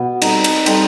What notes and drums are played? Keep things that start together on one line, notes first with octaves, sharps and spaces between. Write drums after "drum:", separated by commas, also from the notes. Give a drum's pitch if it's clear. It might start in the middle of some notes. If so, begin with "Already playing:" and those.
Already playing: B2 B3
G3 C4 D#4 A4, drum: cymbal
drum: cymbal
G3 C4 D#4 A4, drum: cymbal